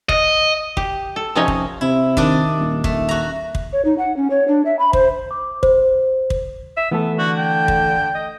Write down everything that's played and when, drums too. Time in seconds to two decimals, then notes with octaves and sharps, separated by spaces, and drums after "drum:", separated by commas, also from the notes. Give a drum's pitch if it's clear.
0.09 D#5, drum: kick
0.77 G4, drum: kick
1.16 A4
1.35 C3 F3 C#4 D#4 C#5 D#5
1.48 drum: kick
1.81 C3 E4
2.17 D#3 D4, drum: kick
2.59 D#1
2.84 A3, drum: kick
3.09 F#4 A#5
3.55 drum: kick
3.73 C#5
3.85 D#4
3.98 F#5
4.16 C#4
4.30 C#5
4.48 D4
4.65 E5
4.79 B5
4.93 C5, drum: kick
5.31 D6
5.63 C5, drum: kick
6.30 drum: kick
6.77 E5
6.91 E3 A3 B3 A4
7.18 D3 F#4
7.38 G5
7.68 drum: kick
8.15 D#5